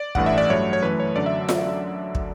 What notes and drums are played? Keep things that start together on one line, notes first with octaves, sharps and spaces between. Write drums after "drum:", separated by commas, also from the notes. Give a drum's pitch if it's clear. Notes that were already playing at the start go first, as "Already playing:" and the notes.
Already playing: D5
A1 G2 E3 A3 F#5, drum: kick
E5
D5
G2 F#3 A3 C#5
C#5
F#2 E3 A3 B4
C#5
F#2 D3 F#3 D5
E5
drum: snare F4
drum: kick